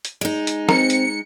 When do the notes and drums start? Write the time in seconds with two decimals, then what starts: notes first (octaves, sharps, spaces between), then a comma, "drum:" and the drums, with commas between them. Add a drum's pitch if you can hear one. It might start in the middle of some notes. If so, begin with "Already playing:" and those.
0.05 drum: hi-hat
0.21 G#3 D#4
0.47 drum: hi-hat
0.69 C4 A#4 C#7, drum: snare
0.90 drum: hi-hat